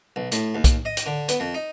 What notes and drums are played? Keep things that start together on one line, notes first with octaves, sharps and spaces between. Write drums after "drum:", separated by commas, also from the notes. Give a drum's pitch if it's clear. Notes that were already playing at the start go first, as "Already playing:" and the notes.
B1
A2, drum: hi-hat
D#2
drum: kick B1, hi-hat
D#5
drum: hi-hat
D3
B3, drum: hi-hat
F2
D#4